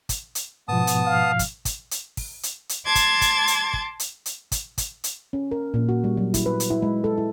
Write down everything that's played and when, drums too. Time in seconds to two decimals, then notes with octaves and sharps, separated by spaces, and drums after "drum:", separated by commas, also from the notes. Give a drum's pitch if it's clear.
0.09 drum: kick, hi-hat
0.35 drum: hi-hat
0.68 G#2 B2 F3 B3 A5 D#6
0.87 drum: hi-hat
1.06 F5
1.39 drum: kick, hi-hat
1.65 drum: kick, hi-hat
1.91 drum: hi-hat
2.17 drum: kick, open hi-hat
2.43 drum: hi-hat
2.69 drum: hi-hat
2.86 A5 C6 D6 G#6 A6
2.95 drum: kick, hi-hat
3.21 drum: kick, hi-hat
3.47 drum: hi-hat
3.73 drum: kick
4.00 drum: hi-hat
4.26 drum: hi-hat
4.52 drum: kick, hi-hat
4.78 drum: kick, hi-hat
5.04 drum: hi-hat
5.33 C#4
5.51 A#4
5.74 A#2
5.89 F#4
6.04 G3
6.17 F#3
6.34 E4, drum: kick, hi-hat
6.46 B4
6.60 drum: hi-hat
6.70 E4
6.82 G#3
7.04 A4
7.18 E4